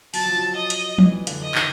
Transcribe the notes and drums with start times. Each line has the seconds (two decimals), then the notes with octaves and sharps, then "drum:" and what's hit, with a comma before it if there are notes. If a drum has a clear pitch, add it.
0.14 F#3 A5, drum: open hi-hat
0.25 F3
0.36 F#3
0.56 D#5
0.70 drum: hi-hat
0.98 E3, drum: tom
1.27 D3, drum: hi-hat
1.41 D#5
1.55 D#3, drum: clap